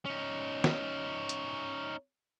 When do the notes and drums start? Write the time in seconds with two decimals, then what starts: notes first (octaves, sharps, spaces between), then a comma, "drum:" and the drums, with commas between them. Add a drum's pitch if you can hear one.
0.05 C#4 D#4
0.64 drum: snare
1.29 drum: hi-hat